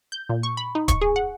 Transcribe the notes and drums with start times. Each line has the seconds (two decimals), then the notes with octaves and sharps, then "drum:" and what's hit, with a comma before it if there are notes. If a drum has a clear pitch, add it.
0.12 G6
0.29 A#2
0.43 C#6
0.57 B5
0.75 D#4
0.88 C#6, drum: kick D1, hi-hat
1.01 G#4
1.16 F#5